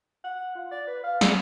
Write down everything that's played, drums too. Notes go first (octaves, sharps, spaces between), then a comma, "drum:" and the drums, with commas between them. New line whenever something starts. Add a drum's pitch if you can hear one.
F#5
F4
D5
B4
F5
G#4, drum: snare